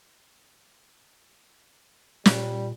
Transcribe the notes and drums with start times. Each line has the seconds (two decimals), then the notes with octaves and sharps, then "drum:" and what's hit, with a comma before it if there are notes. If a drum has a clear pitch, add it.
2.26 A#2 G3, drum: snare